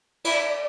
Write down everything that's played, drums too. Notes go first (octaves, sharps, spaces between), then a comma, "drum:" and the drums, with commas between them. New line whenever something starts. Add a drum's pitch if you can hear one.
E4 D5, drum: cymbal